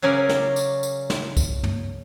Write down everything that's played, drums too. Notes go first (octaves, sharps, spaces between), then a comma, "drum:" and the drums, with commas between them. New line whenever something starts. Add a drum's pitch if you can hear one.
C#3 F#3 C#4 A#4 D5
drum: snare
drum: tambourine
drum: tambourine
drum: snare
drum: kick C2, tambourine
drum: tom